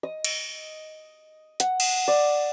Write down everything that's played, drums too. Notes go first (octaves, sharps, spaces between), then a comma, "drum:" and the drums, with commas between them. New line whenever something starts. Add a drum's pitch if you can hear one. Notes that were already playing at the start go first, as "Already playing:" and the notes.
D#5
drum: cymbal
F#5, drum: hi-hat
drum: cymbal
D5